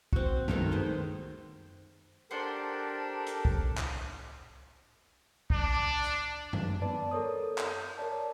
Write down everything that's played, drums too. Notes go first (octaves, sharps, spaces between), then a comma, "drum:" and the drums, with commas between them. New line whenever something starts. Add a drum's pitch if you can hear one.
C4 F#4, drum: kick
B2 D#3 A3 A#4, drum: tom F#2
G#3 C5
D4 G4 A4 A#4 C5 F#5 C6
drum: hi-hat
drum: kick
drum: clap
D4, drum: kick
drum: hi-hat
drum: tom F#2
B3 B4 D5 A5
A4 A#4 C#5 D#6
G6, drum: clap
A#4 C#5 D5 A5